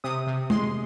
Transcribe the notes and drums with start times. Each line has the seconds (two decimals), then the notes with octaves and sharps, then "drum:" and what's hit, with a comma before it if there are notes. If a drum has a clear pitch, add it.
0.04 C3 D#6
0.27 C3
0.50 G#3 C6, drum: tom